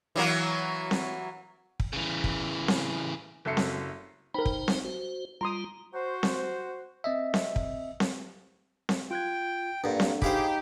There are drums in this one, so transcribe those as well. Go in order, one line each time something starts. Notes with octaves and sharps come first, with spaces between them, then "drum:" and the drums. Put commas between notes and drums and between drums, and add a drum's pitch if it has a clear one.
E3 F#3 A#3
drum: snare C4
drum: kick
C#3 E3
drum: kick
drum: snare C4
F#1 F#2 A4 E5 C7 C#7
drum: snare C4
D#4 A#4 C5 G5 B5
drum: kick
drum: snare C4
F#4 C5
G3 F4 A#5 C6 D#6
F#4 C5
drum: snare C4
C4 D#5 E5
drum: snare C4
drum: kick
drum: snare C4
drum: snare C4
F4 G5 F#6 G#6
G2 A#2 D4 A4 F#5
drum: snare C4
D#4 G4 G#4 C5 F5 B5 D6, drum: kick